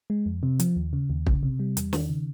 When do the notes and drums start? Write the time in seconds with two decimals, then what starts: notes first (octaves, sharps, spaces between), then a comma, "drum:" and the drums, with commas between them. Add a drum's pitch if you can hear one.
0.10 G#3
0.26 F2
0.43 C3
0.59 F3, drum: hi-hat
0.76 D#2
0.93 C#3
1.10 D#2
1.27 C#3, drum: kick
1.43 C3
1.60 G3
1.77 E2, drum: hi-hat
1.93 D#3, drum: snare
2.09 C#3